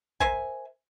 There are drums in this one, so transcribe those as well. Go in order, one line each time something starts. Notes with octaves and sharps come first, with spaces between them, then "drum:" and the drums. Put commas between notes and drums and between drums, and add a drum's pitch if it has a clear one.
A#4 C5 E5 G#5, drum: kick